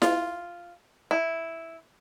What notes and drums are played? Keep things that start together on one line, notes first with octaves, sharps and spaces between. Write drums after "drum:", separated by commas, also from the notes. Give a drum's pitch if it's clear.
F4, drum: snare E4
E4